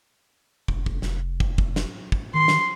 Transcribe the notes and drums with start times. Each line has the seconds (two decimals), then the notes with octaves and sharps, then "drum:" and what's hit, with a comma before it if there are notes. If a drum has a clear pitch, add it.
0.68 F1, drum: kick
0.86 drum: kick
1.02 F1, drum: snare
1.40 drum: kick
1.58 drum: kick
1.76 drum: snare
2.12 drum: kick
2.34 D#3 C6
2.48 drum: snare